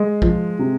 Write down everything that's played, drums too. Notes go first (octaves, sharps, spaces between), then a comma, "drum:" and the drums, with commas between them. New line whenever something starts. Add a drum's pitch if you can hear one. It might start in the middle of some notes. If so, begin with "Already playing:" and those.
Already playing: G#3
F3, drum: kick
C3